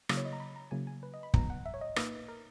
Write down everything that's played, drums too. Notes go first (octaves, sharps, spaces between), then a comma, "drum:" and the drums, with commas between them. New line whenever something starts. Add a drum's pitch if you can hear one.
C#3 F#3 A#3 E4 B5, drum: rim click
C#5
D#5
A#5
B5
A#5
C#3 F#3 A#3 E4 G#5
G#5
B4
D#5
B5
G#2 F#3 B3 A#5, drum: kick
F#5
E5
C#5
D#5
A#2 A#3 D#4 B4, drum: rim click
A#4